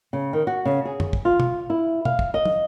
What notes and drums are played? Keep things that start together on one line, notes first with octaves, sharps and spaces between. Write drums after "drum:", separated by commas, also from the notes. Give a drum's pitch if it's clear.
C#3
D#3
F#4
C#3
G#4
drum: tom
drum: kick
F4
drum: tom
E4
F5, drum: tom
drum: kick
D#5
drum: tom